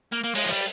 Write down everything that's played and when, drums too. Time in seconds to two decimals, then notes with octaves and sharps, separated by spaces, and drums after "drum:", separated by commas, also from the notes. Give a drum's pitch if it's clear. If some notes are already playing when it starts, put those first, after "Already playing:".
0.13 A#3
0.24 A#3
0.35 G#3, drum: open hi-hat
0.45 F3
0.51 G3